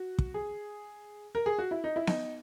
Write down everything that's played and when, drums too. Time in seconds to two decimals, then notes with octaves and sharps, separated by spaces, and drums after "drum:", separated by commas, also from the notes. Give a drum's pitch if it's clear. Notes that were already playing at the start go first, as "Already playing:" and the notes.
Already playing: F#4
0.19 drum: kick
0.34 G#4
1.35 A#4
1.46 G#4
1.58 F#4
1.71 E4
1.84 D#4
1.96 E4
2.07 D#4, drum: snare B3